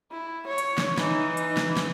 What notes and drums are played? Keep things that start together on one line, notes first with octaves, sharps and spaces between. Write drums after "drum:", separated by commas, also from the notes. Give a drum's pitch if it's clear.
E4
C#5
drum: hi-hat
drum: snare
E3 D#4, drum: snare
drum: hi-hat
drum: snare
drum: snare